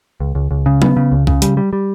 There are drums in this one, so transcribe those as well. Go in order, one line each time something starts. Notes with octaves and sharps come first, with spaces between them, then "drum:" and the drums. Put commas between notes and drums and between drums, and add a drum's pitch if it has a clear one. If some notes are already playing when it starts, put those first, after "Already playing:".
C#2
C#2
C#2
C#3
B3, drum: tom F#3
C#3
C#2
C#3, drum: kick
G3, drum: hi-hat
G3
G3